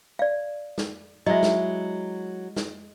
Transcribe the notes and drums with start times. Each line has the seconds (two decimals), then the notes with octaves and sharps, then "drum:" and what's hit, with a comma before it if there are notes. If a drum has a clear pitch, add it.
0.19 D5 F5
0.78 drum: snare
1.26 F#3 G#3 E4 D#5 E5
1.43 drum: snare
2.56 drum: snare